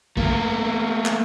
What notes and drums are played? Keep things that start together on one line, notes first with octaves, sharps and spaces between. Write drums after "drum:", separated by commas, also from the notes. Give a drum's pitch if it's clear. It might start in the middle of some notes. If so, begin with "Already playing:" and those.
A3 A#3, drum: kick A1
drum: clap